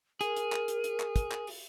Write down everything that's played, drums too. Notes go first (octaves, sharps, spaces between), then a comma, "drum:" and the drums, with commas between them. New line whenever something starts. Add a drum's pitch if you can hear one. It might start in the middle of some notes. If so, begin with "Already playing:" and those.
G#4 A#4, drum: hi-hat
drum: hi-hat
drum: clap
drum: hi-hat
drum: hi-hat
drum: clap
drum: kick, hi-hat
drum: clap
drum: open hi-hat